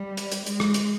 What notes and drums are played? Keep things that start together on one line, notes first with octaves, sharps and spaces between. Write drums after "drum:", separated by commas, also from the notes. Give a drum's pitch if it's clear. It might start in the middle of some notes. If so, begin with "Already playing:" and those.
Already playing: G3
drum: hi-hat
drum: hi-hat
G#3, drum: hi-hat
drum: rim click
drum: hi-hat